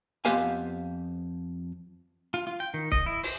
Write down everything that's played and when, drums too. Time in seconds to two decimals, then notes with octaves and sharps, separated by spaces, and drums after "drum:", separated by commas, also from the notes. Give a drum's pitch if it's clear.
0.25 F2 B3 G4 C5 F5 G#5, drum: hi-hat
2.34 F4
2.47 F4
2.60 G5
2.74 D#3
2.92 D#5, drum: kick C#1
3.06 E4
3.23 C5, drum: open hi-hat